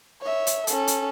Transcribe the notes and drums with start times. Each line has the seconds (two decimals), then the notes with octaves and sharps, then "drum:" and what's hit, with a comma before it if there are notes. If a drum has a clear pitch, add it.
0.21 C#5 E5
0.47 drum: hi-hat
0.67 C#4 A4, drum: hi-hat
0.87 drum: hi-hat